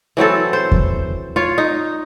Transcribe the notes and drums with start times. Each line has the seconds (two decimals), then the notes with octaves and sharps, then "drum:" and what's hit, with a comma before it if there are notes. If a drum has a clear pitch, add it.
0.17 E3 F#3 C4 A4
0.53 C5
0.72 drum: kick E2
1.36 F4 C#5
1.58 D#4